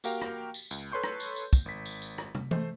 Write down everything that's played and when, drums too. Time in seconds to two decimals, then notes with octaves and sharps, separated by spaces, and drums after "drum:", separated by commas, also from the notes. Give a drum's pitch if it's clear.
0.04 A#3 F#4 G4 A#4 F5 G5, drum: tambourine
0.22 drum: rim click
0.54 drum: tambourine
0.71 C#2, drum: tambourine
0.92 A4 B4 C#5 C6 C#6 G6
1.03 drum: rim click
1.20 drum: tambourine
1.36 drum: tambourine
1.53 drum: kick, tambourine
1.66 G#1 B6
1.85 drum: tambourine
2.02 drum: tambourine
2.18 drum: rim click
2.35 drum: tom
2.51 A3 C5, drum: tom E3